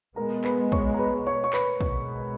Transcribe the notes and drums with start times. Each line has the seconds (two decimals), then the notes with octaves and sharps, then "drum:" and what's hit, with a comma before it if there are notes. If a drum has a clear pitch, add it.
0.16 B2 G#3 B3 A#4 A#5
0.44 B4 B5, drum: clap
0.72 C#5 C#6, drum: kick
0.94 A#5
0.99 B4 B5
1.27 C#5 C#6
1.44 C#6
1.53 B4 B5, drum: clap
1.80 B2 G#3 B3, drum: kick